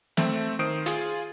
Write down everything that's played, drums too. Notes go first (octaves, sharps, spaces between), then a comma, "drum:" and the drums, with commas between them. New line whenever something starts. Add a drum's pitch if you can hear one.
A3 C4 E5, drum: snare
D#3 C5 D#6 D7
F4 G#4, drum: hi-hat